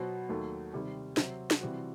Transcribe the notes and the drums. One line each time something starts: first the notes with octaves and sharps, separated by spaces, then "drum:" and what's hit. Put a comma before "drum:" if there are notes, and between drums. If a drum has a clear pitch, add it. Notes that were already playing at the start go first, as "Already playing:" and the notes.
Already playing: B2 F#3 B3 F#4 C5
D#2 D#3 F#3 A3
C3 D#3 G3
C3 F#3 C4, drum: snare
drum: snare
C3 E3 G3 C4 F#4